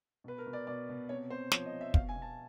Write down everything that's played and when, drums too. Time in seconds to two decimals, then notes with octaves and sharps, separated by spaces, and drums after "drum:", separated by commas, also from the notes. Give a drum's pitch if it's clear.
0.24 B2 B4
0.38 A#4
0.47 B2
0.53 D5
0.67 B2 D5
0.89 B2
1.09 C3 C#5
1.30 C3 C5
1.52 F3 C#5, drum: snare
1.65 D#5
1.73 F3
1.81 E5
1.94 B2 F5, drum: kick
2.09 G#5
2.16 B2
2.22 A5